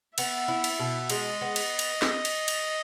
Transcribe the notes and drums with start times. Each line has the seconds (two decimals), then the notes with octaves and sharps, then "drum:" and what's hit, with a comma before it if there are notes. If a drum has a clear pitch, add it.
0.18 B3 E5, drum: cymbal
0.48 E4
0.64 drum: cymbal
0.79 B2
1.10 G#3 D#5, drum: cymbal
1.41 B3
1.56 drum: cymbal
1.79 drum: cymbal
2.02 drum: snare
2.25 drum: cymbal
2.48 drum: cymbal